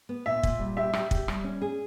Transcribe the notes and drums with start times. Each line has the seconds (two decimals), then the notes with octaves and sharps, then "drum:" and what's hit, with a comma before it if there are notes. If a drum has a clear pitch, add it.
0.09 B3
0.26 A#2 E5
0.43 A#2, drum: kick
0.60 G3
0.77 G4 E5
0.93 G4, drum: rim click
1.11 G4, drum: kick
1.28 G3, drum: rim click
1.44 C#4
1.62 G#4